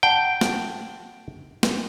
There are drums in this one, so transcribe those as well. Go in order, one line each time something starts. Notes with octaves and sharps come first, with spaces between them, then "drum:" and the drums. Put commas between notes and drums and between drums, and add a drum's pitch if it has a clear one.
F#5 G5 A5
drum: snare
drum: snare